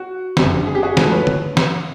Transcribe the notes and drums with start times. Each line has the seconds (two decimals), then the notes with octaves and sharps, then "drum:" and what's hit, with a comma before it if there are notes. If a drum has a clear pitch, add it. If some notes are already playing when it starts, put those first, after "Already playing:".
Already playing: F#4
0.37 F#1 F2 D3 G3 C4, drum: snare
0.67 G#4
0.75 G4
0.83 F#4 G#4
0.97 G#2 F3 A3, drum: snare
1.12 B4 C#5
1.27 drum: tom
1.57 drum: snare